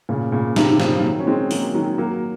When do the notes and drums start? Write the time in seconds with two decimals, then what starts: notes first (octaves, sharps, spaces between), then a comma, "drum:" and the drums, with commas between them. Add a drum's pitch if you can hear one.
0.09 A#2 C#3
0.32 A#2 C#3
0.56 C3 D#3, drum: snare
0.71 D#3
0.80 C#3 F3, drum: snare
0.99 F3
1.03 D#3 F#3
1.19 C#4
1.27 G#3 C4
1.51 F#3 A#3, drum: open hi-hat
1.74 D#3 F#3
1.98 F#3 A#3